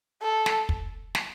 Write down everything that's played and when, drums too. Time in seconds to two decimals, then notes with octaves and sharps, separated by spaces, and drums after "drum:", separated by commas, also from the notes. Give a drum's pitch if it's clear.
0.23 A4
0.46 drum: snare
0.69 drum: kick
1.15 drum: snare